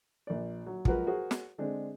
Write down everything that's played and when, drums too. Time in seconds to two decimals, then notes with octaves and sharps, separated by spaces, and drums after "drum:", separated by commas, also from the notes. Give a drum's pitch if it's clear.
0.27 A#1 D5
0.67 F#3
0.85 F3 F#3 G#3 F#4 A#4 B4, drum: kick
1.07 F#4 G#4 A#4 C5
1.31 drum: snare
1.58 D3 G#3 C4 D4